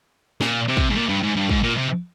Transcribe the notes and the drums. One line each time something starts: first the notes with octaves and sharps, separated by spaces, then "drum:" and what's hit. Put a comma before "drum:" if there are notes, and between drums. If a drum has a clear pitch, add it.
A#2, drum: snare
C3
drum: kick
G#2
A#2
G2
G#2
G2
G#2, drum: kick
A#2
C3